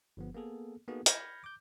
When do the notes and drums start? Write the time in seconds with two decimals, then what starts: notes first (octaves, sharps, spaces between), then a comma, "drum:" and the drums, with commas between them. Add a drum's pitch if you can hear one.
0.17 G1 F3 B3
0.34 A#3 B3 G#4 A4
0.88 A#3 B3 D#4 F#4 G#4 A4
1.06 B5 F6 G6 G#6 A#6 C#7, drum: hi-hat
1.44 D6 G6